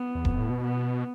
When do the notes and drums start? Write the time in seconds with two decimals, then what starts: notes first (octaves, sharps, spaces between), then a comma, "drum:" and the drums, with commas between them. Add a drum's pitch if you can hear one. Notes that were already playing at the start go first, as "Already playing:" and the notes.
Already playing: B3
0.15 E2
0.25 F2, drum: kick D#1
0.38 A2
0.50 B2
0.63 B3